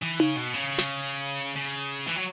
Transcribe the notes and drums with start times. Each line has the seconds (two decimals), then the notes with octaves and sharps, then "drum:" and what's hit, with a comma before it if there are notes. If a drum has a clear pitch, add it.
0.03 E3
0.20 C#3, drum: tom D#4
0.36 B2
0.54 C#3
0.78 drum: snare
1.56 C#3
2.07 E3
2.16 F#3